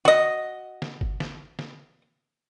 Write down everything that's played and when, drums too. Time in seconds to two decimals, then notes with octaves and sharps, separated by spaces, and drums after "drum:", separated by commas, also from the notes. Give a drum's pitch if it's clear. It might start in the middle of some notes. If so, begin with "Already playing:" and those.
0.05 F#4 D#5, drum: snare
0.82 drum: snare
1.01 drum: kick
1.20 drum: snare
1.59 drum: snare